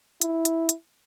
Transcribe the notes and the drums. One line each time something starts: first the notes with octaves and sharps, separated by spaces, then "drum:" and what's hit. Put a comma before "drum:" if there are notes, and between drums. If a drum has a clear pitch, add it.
E4, drum: hi-hat
drum: hi-hat
drum: hi-hat